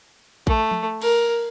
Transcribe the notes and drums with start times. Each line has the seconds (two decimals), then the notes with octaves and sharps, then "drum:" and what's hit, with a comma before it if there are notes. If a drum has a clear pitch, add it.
0.47 A3, drum: kick A1
0.71 drum: tom
1.02 A#4, drum: cymbal